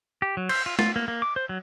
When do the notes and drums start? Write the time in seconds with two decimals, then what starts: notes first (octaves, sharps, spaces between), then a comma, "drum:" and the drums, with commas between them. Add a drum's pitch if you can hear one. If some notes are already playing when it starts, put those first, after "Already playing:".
0.22 G4
0.37 F#3
0.49 C5, drum: cymbal
0.66 F4
0.79 F4, drum: snare
0.96 A#3
1.08 A#3
1.22 D6
1.36 C5
1.49 F#3